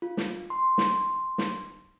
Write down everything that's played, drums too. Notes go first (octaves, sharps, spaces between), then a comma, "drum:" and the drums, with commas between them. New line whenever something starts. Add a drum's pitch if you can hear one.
F4
drum: snare
C6
drum: snare
drum: snare